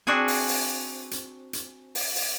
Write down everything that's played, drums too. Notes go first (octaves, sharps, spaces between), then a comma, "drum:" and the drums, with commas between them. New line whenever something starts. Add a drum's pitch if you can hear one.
C4 D4 F#4 G#4 G#5
drum: open hi-hat
drum: open hi-hat
drum: hi-hat
drum: hi-hat
drum: open hi-hat
drum: open hi-hat